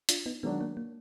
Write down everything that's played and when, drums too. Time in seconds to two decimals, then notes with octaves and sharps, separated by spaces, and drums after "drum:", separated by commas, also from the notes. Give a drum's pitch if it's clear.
0.09 D4 F4, drum: hi-hat
0.26 B3 D#4
0.43 D#3 F#3 G#3 B3 D4 F#4
0.61 A#3
0.77 A#3